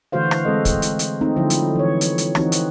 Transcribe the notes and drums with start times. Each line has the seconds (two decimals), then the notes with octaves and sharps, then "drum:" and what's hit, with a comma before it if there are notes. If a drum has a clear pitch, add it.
0.12 D3 E3 A3 F#4 C5 F5
0.31 drum: rim click
0.45 G#3 C4 A4 D#5
0.65 drum: kick, hi-hat
0.82 drum: hi-hat
0.99 drum: hi-hat
1.21 A3 C4 D#4
1.36 D3 F3 F#3 E4
1.50 drum: hi-hat
1.75 E3 C#5
2.01 drum: hi-hat
2.18 drum: hi-hat
2.35 E3 C4 D#4 F#4, drum: rim click
2.52 drum: hi-hat